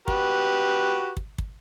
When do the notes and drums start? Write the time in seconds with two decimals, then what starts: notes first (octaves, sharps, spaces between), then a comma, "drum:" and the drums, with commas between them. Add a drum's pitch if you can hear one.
0.08 F#4 G4 B4, drum: kick
1.17 drum: kick
1.38 drum: kick